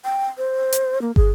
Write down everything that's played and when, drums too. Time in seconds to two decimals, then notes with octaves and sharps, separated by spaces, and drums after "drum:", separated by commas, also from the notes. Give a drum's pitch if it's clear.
0.04 G5
0.38 C5
0.72 drum: hi-hat
1.02 A#3
1.16 G#4, drum: kick